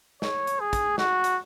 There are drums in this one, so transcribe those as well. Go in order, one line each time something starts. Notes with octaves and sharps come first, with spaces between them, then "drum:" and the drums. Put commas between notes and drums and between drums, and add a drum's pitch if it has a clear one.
C#5, drum: snare
drum: hi-hat
G#4
drum: kick, hi-hat
F#4, drum: snare
drum: hi-hat